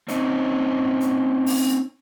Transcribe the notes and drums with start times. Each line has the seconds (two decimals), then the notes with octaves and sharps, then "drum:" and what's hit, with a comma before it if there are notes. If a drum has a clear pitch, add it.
0.08 C4 C#4 D#4, drum: hi-hat
1.00 drum: hi-hat
1.46 drum: open hi-hat